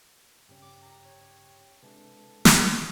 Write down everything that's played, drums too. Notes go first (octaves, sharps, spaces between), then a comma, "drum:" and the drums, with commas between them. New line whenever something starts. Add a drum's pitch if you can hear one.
G2 C#3 C#4 G4
D6
A#5
C#5
C3 E3 G#3 D4 A4
drum: snare